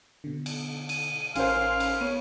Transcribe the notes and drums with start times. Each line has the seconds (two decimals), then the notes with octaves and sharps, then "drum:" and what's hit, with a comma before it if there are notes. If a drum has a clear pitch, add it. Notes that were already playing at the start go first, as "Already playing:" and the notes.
0.24 B2 D3
0.46 drum: cymbal
0.89 D#7, drum: cymbal
1.35 A1 C#4 A#4 C5 F5 C6 E6, drum: cymbal
1.80 B5, drum: cymbal
2.01 B3 C#5 D#7